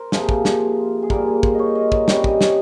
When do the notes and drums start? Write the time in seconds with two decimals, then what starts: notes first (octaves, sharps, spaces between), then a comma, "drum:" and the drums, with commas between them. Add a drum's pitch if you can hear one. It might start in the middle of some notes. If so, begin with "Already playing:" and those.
Already playing: A#4 C5
0.12 C3 F3 A#3 G#4, drum: snare
0.29 drum: kick
0.45 drum: snare
1.03 G#4
1.10 A#2 G3 A#3 A#4, drum: kick
1.27 G#4
1.43 C5, drum: kick
1.55 C#5 D#5
1.75 D#5
1.92 C#5, drum: kick
2.08 C3 G3 C#4 C#5, drum: snare
2.24 D#5, drum: kick
2.41 drum: snare